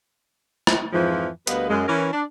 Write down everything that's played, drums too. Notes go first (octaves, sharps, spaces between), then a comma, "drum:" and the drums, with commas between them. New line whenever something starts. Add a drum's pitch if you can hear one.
drum: rim click
F2 G#2 E3 F3
D2 G3 A#3 B3 B4 D#5, drum: hi-hat
F#2 G#3
E3 C#4 A#4
D4